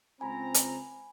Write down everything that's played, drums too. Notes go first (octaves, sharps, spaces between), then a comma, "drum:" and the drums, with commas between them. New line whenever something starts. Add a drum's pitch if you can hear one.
C#2 C4 G#5 A#5 B5
drum: hi-hat